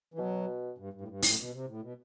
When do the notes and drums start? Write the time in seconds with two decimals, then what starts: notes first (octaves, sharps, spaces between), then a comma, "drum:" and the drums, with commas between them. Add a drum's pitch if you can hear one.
0.14 E3
0.18 B2 F#3
0.78 G2
0.93 G2
1.01 A2
1.08 G2
1.22 A2, drum: open hi-hat
1.38 B2
1.52 C3
1.67 A2
1.82 B2